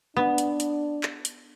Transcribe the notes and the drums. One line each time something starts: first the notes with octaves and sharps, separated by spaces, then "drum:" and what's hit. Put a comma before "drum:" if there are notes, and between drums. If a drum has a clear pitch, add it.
B3 D4
drum: hi-hat
drum: hi-hat
drum: clap
drum: hi-hat